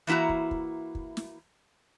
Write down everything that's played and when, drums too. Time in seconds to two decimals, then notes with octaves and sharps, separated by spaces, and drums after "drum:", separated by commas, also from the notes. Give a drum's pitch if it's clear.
0.07 E3 A#3 E4 F#4 A#5
0.29 drum: kick
0.51 drum: kick
0.95 drum: kick
1.17 drum: snare